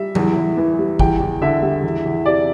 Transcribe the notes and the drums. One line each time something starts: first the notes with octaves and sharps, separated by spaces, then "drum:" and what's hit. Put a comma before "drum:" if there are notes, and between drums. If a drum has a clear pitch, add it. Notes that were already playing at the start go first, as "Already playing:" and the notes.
Already playing: G3 E5
E2, drum: tom F#3
E2
E3
G3
E2 G5, drum: kick G#1
E2
D3 E5
G3
E2
E2
C3 D5